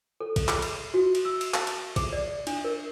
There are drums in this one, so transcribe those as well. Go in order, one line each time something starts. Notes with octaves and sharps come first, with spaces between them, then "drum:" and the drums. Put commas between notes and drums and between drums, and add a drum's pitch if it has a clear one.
A4
drum: kick, cymbal
G#4, drum: clap
drum: cymbal
F#4
drum: cymbal
E6
drum: cymbal
A5, drum: clap
drum: cymbal
G#4, drum: kick, cymbal
D5
D4, drum: cymbal
A#4